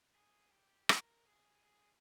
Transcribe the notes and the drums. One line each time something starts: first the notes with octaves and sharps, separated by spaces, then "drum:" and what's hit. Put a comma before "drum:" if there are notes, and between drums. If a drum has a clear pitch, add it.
G#4
G4
A#4, drum: rim click
G#4
G#4